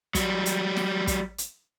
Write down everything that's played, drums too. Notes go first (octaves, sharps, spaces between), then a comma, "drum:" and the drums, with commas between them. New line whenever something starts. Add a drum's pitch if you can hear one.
F#3 G3, drum: kick, hi-hat
drum: hi-hat
drum: snare
drum: kick, hi-hat
drum: hi-hat